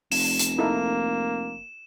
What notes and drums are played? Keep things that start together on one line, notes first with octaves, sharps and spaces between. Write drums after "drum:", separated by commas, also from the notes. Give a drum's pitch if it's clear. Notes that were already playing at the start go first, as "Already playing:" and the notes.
F1 E7, drum: open hi-hat
drum: hi-hat
A#3 D#4 E4 A4